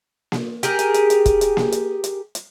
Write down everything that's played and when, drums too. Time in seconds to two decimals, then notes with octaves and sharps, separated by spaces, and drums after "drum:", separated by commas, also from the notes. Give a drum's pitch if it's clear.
0.32 drum: snare A#3
0.63 G4 G#4 A#4, drum: hi-hat
0.79 drum: hi-hat
0.94 drum: hi-hat
1.10 drum: hi-hat
1.26 drum: kick, hi-hat
1.41 drum: hi-hat
1.57 drum: snare A#3
1.72 drum: hi-hat
2.04 drum: hi-hat
2.35 drum: hi-hat